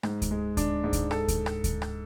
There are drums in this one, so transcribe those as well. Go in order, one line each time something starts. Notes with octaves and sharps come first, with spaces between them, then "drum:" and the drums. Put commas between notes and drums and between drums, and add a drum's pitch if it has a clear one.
G#2, drum: rim click
drum: kick D2, hi-hat
G#3
D4, drum: kick D2, hi-hat
G#2
drum: kick D2, hi-hat
A4, drum: rim click
drum: kick D2, hi-hat
drum: rim click
drum: kick D2, hi-hat
drum: rim click